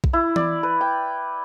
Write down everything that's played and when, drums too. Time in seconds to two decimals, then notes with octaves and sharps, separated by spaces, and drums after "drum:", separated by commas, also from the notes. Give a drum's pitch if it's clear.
0.04 drum: kick
0.13 E4
0.36 D5, drum: tom E3
0.63 B4
0.81 G5